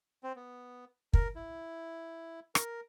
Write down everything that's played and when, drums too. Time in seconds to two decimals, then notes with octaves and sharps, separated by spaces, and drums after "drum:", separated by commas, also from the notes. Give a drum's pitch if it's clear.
0.23 C4
0.36 B3
1.13 A#4, drum: kick
1.35 E4
2.55 A#4, drum: rim click